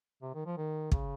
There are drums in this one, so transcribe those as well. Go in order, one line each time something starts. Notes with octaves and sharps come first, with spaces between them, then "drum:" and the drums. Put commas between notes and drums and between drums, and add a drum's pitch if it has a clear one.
C3
D#3
F3
D#3
C#3, drum: kick